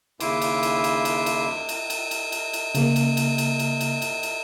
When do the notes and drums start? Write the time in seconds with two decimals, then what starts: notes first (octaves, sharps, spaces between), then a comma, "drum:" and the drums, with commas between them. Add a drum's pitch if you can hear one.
0.20 D#2 C#3 E4 C6 D6, drum: cymbal
0.42 drum: cymbal
0.63 drum: cymbal
0.84 drum: cymbal
1.05 drum: cymbal
1.26 drum: cymbal
1.69 drum: cymbal
1.90 drum: cymbal
2.11 drum: cymbal
2.32 drum: cymbal
2.53 drum: cymbal
2.75 C#3 A#3, drum: cymbal
2.96 drum: cymbal
3.17 drum: cymbal
3.38 drum: cymbal
3.59 drum: cymbal
3.81 drum: cymbal
4.02 drum: cymbal
4.23 drum: cymbal